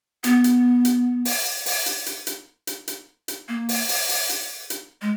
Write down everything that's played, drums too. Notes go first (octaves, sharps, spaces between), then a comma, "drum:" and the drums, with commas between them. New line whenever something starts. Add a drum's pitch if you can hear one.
B3, drum: hi-hat
drum: hi-hat
drum: hi-hat
drum: open hi-hat
drum: open hi-hat
drum: hi-hat
drum: hi-hat
drum: hi-hat
drum: hi-hat
drum: hi-hat
drum: hi-hat
A#3
drum: open hi-hat
drum: open hi-hat
drum: open hi-hat
drum: hi-hat
drum: hi-hat
G#3